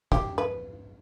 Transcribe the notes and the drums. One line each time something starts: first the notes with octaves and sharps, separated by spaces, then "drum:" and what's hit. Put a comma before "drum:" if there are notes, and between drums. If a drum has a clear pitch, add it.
G4, drum: kick
B4